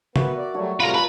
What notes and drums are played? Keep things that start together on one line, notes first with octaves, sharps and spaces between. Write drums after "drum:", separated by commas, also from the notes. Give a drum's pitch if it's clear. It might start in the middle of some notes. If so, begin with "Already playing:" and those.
B3 F#4 A#4 B4 E5, drum: tom C#3
D5
F#3 G3 A3 F#4 A4 C#5
C3 G3 A3 F4 G#4 A#4 B4
A4 B4 A#5